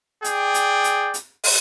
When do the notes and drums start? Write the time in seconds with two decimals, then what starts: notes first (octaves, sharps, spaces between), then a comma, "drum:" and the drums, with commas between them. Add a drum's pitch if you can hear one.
0.24 G#4 D5 G5, drum: hi-hat
0.54 drum: hi-hat
0.84 drum: hi-hat
1.14 drum: hi-hat
1.44 drum: open hi-hat